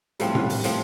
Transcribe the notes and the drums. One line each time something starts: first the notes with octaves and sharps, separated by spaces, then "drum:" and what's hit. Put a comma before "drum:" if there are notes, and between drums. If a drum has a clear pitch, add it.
A2 F3 G3 C4, drum: hi-hat
drum: tom A2
drum: open hi-hat
A2 F3 C4, drum: hi-hat